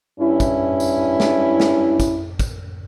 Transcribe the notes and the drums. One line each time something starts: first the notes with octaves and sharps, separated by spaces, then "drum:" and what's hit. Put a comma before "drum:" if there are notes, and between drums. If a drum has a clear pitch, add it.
G2 C#4 E4
drum: kick, tambourine
drum: tambourine
drum: snare
drum: snare
drum: kick, tambourine
drum: kick, tambourine